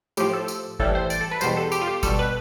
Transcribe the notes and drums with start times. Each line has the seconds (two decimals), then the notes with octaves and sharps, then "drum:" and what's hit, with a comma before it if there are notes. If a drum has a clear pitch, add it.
0.17 A2 F3 G4, drum: tambourine
0.33 A4
0.48 drum: tambourine
0.79 A2 E3 G3 A4, drum: kick G1
0.95 C5
1.10 D5, drum: tambourine
1.21 A4
1.31 B4
1.41 E2 B2 G3 C5, drum: tambourine
1.57 A4
1.72 G4, drum: tambourine
1.81 F4
1.87 G4
2.03 B2 G3 A4, drum: kick G1, tambourine
2.19 B4